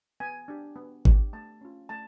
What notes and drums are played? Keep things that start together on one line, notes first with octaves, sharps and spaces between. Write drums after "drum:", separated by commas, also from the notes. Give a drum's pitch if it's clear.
B3 G#5
D4 G4
B3
D4 G4, drum: kick G#1
A3 A5
C#4 F4
A3 A5